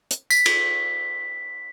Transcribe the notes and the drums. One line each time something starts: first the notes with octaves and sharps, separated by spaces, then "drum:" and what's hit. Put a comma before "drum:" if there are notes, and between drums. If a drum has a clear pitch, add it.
drum: hi-hat
B6, drum: tambourine
drum: cymbal